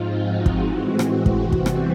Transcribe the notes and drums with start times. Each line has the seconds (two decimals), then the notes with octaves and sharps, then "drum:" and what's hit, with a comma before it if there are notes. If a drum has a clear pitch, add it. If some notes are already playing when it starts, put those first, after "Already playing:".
Already playing: G#2 F3 G#3 C4 D#4 F4
0.19 F#4
0.46 drum: kick
0.59 A2 E3 G#3 C4 F#4
0.99 drum: rim click
1.26 drum: kick
1.39 E2 C3 E3 G3 C4
1.52 drum: kick
1.66 drum: rim click